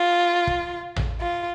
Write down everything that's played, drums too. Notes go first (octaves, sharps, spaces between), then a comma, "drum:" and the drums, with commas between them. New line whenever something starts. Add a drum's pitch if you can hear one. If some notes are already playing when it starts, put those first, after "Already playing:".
Already playing: F4
drum: kick
drum: tom A1
F4